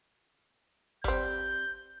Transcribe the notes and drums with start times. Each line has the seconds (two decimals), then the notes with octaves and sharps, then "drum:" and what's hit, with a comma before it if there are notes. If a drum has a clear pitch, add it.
1.04 G3 C4 G6, drum: kick G1